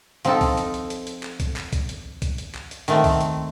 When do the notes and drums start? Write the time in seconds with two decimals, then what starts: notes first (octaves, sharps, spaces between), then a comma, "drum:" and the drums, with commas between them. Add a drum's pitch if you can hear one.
0.25 F3 C4 D#4 A4, drum: hi-hat
0.41 drum: kick B1, open hi-hat
0.57 drum: hi-hat
0.74 drum: hi-hat
0.90 drum: hi-hat
1.07 drum: hi-hat
1.23 drum: clap
1.40 drum: kick B1, hi-hat
1.56 drum: clap
1.73 drum: kick B1, hi-hat
1.89 drum: hi-hat
2.22 drum: kick B1, hi-hat
2.38 drum: hi-hat
2.55 drum: clap
2.71 drum: hi-hat
2.88 D#3 A3 C4, drum: hi-hat
3.04 drum: kick B1, open hi-hat
3.21 drum: hi-hat